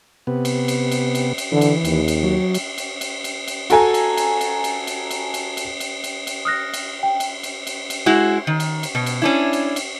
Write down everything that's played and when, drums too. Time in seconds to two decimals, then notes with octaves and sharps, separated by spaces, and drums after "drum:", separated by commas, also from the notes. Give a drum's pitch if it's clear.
0.27 C3 B3
0.45 drum: cymbal
0.68 drum: cymbal
0.91 drum: cymbal
1.15 drum: cymbal
1.38 drum: cymbal
1.52 D3 E3
1.61 drum: cymbal
1.85 D#2, drum: cymbal
2.08 drum: cymbal
2.23 F#3
2.54 drum: cymbal
2.78 drum: cymbal
3.01 drum: cymbal
3.24 drum: cymbal
3.48 drum: cymbal
3.70 F#4 A4 G#5 A#5, drum: cymbal
3.94 drum: cymbal
4.17 drum: cymbal
4.41 drum: cymbal
4.64 drum: cymbal
4.87 drum: cymbal
5.11 drum: cymbal
5.34 drum: cymbal
5.57 drum: cymbal
5.80 drum: cymbal
6.04 drum: cymbal
6.27 drum: cymbal
6.45 D#6 F6 F#6 A#6
6.74 drum: cymbal
7.03 G5
7.20 drum: cymbal
7.43 drum: cymbal
7.67 drum: cymbal
7.90 drum: cymbal
8.06 G#3 E4 F#4
8.47 D#3
8.60 drum: cymbal
8.83 drum: cymbal
8.95 B2
9.06 drum: cymbal
9.22 C#4 D4 E4
9.53 drum: cymbal
9.76 drum: cymbal